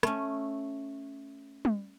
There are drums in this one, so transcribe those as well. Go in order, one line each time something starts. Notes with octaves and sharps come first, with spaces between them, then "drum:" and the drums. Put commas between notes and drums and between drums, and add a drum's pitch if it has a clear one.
A3 C#4, drum: rim click
drum: tom G3